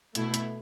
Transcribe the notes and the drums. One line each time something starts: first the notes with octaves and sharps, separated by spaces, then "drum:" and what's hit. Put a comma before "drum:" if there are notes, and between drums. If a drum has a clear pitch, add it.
B2 A3 E4, drum: hi-hat
drum: hi-hat